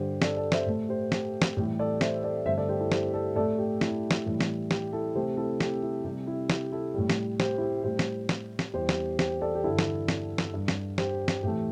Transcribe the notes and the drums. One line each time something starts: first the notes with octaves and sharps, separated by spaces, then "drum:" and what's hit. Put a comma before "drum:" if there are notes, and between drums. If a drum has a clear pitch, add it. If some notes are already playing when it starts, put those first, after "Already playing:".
Already playing: G2 D3 G3 G4 C5
A4 D5, drum: snare
A4 D5
C5 E5, drum: snare
A2 A3
G4 C5
G4, drum: snare
drum: snare
A2 E3 G3 G4
A4 D5
C5 E5, drum: snare
A4 D5
G2 D3 A3 C5 E5
A4 D5
G4 C5
E4 A4
G4 C5, drum: snare
A4 D5
A2 A3 A4 D5
G4
E4, drum: snare
drum: snare
A2 E3 G3
drum: snare
G4, drum: snare
E4 A4
C3 A3 G4 C5
E4 A4
G4, drum: snare
E4
C3 G3 G4
E4
G4, drum: snare
E4 A4
A2 G3
drum: snare
G4 C5, drum: snare
E4
G4
A2 G3 G4 C5
drum: snare
drum: snare
drum: snare
E2 E3 G3 G4 C5
drum: snare
G4 C5, drum: snare
A4 D5
G4
G2 D3 G3 E4 A4
drum: snare
drum: snare
drum: snare
G2 G3
drum: snare
G4 C5, drum: snare
drum: snare
A2 E3 A3 G4